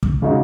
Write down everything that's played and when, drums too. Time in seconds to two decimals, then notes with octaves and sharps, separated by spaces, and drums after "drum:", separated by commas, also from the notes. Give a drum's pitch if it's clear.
0.03 drum: kick
0.22 C#3 G#3 D#4 F#4 D#5